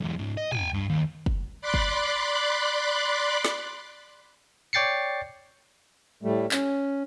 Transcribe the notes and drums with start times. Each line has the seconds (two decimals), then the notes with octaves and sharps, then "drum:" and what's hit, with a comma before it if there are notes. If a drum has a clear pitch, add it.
0.01 B1 E2
0.19 C#2 G#2
0.37 D#5
0.52 G5 G#5, drum: tom
0.74 G2
0.89 D#2
1.26 drum: kick
1.61 D5 B5 C6 D6 F#6
1.74 drum: kick
3.45 drum: snare
4.73 C#5 D5 G5 A6 C7 C#7
6.23 A2 G3 A3
6.51 C#4, drum: clap